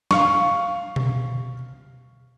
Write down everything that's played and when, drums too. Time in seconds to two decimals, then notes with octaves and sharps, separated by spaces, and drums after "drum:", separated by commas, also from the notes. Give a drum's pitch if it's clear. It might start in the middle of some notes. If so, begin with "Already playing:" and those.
0.11 F5 C#6, drum: snare
0.96 drum: tom B2